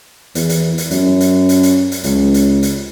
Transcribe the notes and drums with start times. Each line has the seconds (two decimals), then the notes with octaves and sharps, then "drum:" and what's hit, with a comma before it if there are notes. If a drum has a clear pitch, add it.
0.35 E2, drum: hi-hat
0.49 drum: hi-hat
0.78 drum: hi-hat
0.91 F#2, drum: hi-hat
1.21 drum: hi-hat
1.49 drum: hi-hat
1.63 drum: hi-hat
1.92 drum: hi-hat
2.04 C#2, drum: hi-hat
2.34 drum: hi-hat
2.63 drum: hi-hat